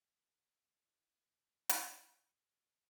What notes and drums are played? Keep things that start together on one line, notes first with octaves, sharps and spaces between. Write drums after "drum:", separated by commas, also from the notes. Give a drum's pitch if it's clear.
E4
E3 F#4 A#5
drum: hi-hat
D#2
B2